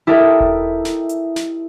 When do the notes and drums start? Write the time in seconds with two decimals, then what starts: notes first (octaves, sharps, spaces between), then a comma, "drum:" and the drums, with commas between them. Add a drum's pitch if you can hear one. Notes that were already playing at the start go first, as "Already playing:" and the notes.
0.07 E4 G4 A4 A#4 D#5 E5
0.40 drum: kick E1
0.85 drum: snare
1.09 drum: hi-hat
1.36 drum: snare